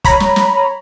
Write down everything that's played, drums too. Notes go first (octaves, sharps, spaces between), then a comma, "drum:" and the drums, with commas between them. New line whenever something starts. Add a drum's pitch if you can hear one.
C#5 A#5 B5, drum: kick, hi-hat
drum: snare
drum: snare